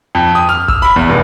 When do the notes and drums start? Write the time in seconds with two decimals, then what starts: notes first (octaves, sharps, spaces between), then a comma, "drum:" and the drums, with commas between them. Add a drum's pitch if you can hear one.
0.15 F2
0.35 D#6
0.49 F6
0.68 E6, drum: kick
0.82 B5
0.96 E2
1.09 F1